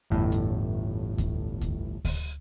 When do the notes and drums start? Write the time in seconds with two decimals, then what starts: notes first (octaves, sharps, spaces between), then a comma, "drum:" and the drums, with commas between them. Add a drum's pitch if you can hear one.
0.10 G1 E2 A2
0.32 drum: hi-hat
1.18 drum: kick D2, hi-hat
1.61 drum: kick D2, hi-hat
2.05 drum: kick D2, open hi-hat